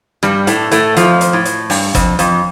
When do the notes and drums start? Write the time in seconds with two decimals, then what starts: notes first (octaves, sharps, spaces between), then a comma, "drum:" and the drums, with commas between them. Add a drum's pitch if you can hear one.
0.23 G2 G3, drum: rim click
0.47 A2 A3, drum: hi-hat
0.71 A2 A3, drum: hi-hat
0.96 F2 F3, drum: hi-hat
1.21 drum: hi-hat
1.33 A2
1.45 drum: hi-hat
1.70 G2, drum: open hi-hat
1.95 F2, drum: kick, hi-hat
2.19 F2, drum: hi-hat